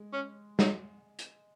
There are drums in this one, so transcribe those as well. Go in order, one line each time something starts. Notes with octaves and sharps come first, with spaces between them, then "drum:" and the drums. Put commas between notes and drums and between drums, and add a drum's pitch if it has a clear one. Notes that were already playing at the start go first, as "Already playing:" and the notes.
Already playing: G#3
C#4
F#3, drum: snare
drum: hi-hat